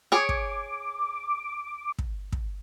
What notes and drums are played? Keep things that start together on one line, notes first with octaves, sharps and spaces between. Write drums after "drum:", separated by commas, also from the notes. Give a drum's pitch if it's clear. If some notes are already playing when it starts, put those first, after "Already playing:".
G#4 C#5 D6
drum: kick
drum: kick
drum: kick